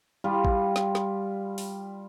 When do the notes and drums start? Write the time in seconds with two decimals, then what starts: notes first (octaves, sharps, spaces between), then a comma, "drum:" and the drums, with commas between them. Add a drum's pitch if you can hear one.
0.24 G3 F4
0.45 drum: kick A1
0.76 drum: snare
0.95 drum: snare
1.58 drum: open hi-hat